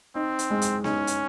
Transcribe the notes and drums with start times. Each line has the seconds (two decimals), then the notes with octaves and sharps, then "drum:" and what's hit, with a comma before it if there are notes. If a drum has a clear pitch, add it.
0.15 C4 D#4
0.39 drum: hi-hat
0.50 G#3
0.62 drum: hi-hat
0.84 C#4 D#4, drum: snare B3
1.07 drum: hi-hat